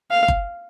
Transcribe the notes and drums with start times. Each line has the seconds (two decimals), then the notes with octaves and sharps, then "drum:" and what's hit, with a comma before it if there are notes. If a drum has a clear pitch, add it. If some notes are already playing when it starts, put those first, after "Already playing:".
0.11 F5
0.28 drum: kick F#1